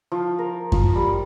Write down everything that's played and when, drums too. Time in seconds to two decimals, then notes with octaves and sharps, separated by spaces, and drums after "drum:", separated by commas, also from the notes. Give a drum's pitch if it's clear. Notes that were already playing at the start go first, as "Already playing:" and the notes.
0.12 F3
0.39 A#4
0.72 F3, drum: kick F#2
0.96 G3